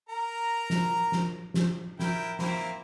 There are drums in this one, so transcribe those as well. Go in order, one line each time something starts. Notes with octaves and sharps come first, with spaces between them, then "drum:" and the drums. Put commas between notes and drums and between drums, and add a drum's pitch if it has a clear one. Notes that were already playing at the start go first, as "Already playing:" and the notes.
A#4 A#5
drum: snare
drum: snare
drum: snare
E4 A#4 G5, drum: snare
A#3 C4 E4, drum: snare